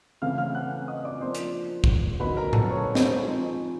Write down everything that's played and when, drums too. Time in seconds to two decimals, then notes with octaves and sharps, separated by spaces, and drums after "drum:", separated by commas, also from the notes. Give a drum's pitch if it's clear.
0.22 C#3 E3 A3 F5 F6
0.38 F5 F6
0.55 F#5 F#6
0.88 D#5 D#6
1.04 D5 D6
1.21 F3 A#3 D4 C5 C6
1.35 drum: hi-hat
1.84 drum: kick
2.20 D3 F#3 A#3 D#4 B4 B5
2.37 A#4 A#5
2.53 A4 A5, drum: tom A2
2.70 C#5 C#6
2.95 drum: snare
3.19 F3 G#3 C4 D#4